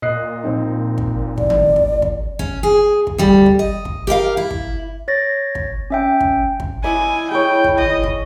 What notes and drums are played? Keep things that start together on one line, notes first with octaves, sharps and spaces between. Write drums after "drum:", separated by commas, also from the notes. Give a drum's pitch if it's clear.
A#2 D#5 F#6 C7
A#1 C4 D#4
drum: kick
A1 D5, drum: kick
drum: tom D#3
drum: kick
drum: kick
C#4, drum: kick
G#4
drum: kick
D2 G3
drum: kick
D#5
drum: kick
G4 A#4 D5 F5
E4
drum: kick
C#5 A6 A#6
drum: kick
C#4 E5 G5
drum: kick
drum: kick
E4 D#5 E5 G#5 D6
G#4 C#5 G5
drum: kick
D#5, drum: tom
drum: kick